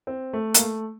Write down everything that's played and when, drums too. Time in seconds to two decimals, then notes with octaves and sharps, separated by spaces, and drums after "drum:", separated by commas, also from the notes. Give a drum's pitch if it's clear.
0.07 C4
0.33 A3
0.54 A#3, drum: hi-hat
0.60 A3